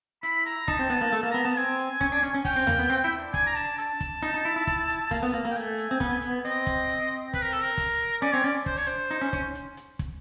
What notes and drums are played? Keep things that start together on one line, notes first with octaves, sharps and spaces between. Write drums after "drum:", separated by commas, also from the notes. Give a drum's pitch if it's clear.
E4 B5, drum: hi-hat
A#5, drum: hi-hat
D#4 A5, drum: kick, hi-hat
C4
B3, drum: hi-hat
A#3
A3, drum: hi-hat
A#3
B3 A#5
B3 A5
C4 G#5, drum: hi-hat
drum: hi-hat
C#4, drum: kick, hi-hat
D4
C#4, drum: hi-hat
C#4
C#4 G5, drum: kick, open hi-hat
C4
A#3, drum: tom D#2
B3
C4, drum: hi-hat
E4
D4
G#5, drum: kick, hi-hat
A#5
A5, drum: hi-hat
A5, drum: hi-hat
drum: kick, hi-hat
D#4, drum: hi-hat
D#4
E4, drum: hi-hat
E4
E4, drum: kick, hi-hat
drum: hi-hat
A#3, drum: kick, open hi-hat
B3
A#3
A#3
G5
A3 G#5, drum: hi-hat
drum: hi-hat
C4
B3, drum: kick, hi-hat
B3, drum: hi-hat
C4 D#5, drum: hi-hat
drum: kick, hi-hat
drum: hi-hat
B4, drum: kick, hi-hat
A#4
A4, drum: hi-hat
A#4
drum: kick, open hi-hat
C#4 D5, drum: hi-hat
C4 C#5
C#4 D5, drum: hi-hat
D4
C5, drum: kick
C#5
C5, drum: hi-hat
D#4, drum: hi-hat
C#4
C#4, drum: kick, hi-hat
drum: hi-hat
drum: hi-hat
drum: kick, hi-hat